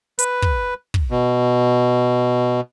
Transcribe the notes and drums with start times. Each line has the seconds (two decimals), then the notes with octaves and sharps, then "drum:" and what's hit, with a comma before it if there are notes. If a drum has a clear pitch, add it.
0.19 B4, drum: hi-hat
0.42 drum: kick
0.94 drum: kick
1.11 B2